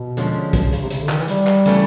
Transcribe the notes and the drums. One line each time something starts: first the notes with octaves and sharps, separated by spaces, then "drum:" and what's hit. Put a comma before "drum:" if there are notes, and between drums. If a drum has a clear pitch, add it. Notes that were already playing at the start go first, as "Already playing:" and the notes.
Already playing: B2
D3 F3 G#3 C#4, drum: hi-hat
B2, drum: kick, hi-hat
C#3, drum: hi-hat
C3
C#3, drum: hi-hat
D3
D#3, drum: clap
E3
G3, drum: hi-hat
drum: clap
C#3 E3 A3, drum: hi-hat